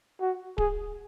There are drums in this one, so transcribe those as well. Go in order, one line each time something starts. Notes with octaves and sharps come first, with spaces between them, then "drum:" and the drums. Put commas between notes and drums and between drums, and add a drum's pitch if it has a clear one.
F#4
G#4, drum: kick D1